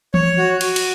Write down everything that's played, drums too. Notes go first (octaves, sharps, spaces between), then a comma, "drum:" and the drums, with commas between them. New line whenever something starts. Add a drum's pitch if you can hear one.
C#5, drum: tom E3
F#4
F#4, drum: cymbal
drum: cymbal